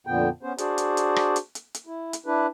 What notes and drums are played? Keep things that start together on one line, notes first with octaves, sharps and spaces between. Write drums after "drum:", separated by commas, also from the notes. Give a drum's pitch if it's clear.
F2 A#2 D3 B3 G5
B3 C#4 C5
D4 F#4 G#4 C5 D5, drum: hi-hat
drum: hi-hat
drum: hi-hat
drum: rim click
drum: hi-hat
drum: hi-hat
drum: hi-hat
E4
drum: hi-hat
D4 E4 B4